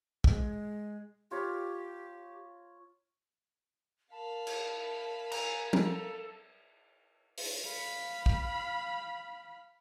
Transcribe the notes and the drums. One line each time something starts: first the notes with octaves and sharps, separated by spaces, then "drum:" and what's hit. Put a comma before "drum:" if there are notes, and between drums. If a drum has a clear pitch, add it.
G#3, drum: kick
F4 G4 C#5 A#5
A#4 F5 A5 B5
drum: cymbal
G#5 A#5, drum: cymbal
A4, drum: tom
drum: open hi-hat
F5 B5
drum: kick